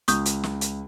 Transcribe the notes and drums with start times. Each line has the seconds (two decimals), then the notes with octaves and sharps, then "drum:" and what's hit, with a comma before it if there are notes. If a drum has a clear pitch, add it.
0.08 C#2 C#6 D#6 G6, drum: hi-hat
0.26 drum: hi-hat
0.44 drum: snare
0.61 drum: hi-hat